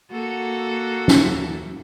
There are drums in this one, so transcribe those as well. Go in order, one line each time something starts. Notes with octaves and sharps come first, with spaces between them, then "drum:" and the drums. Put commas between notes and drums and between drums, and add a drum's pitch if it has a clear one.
A#3 F#4 A4
drum: snare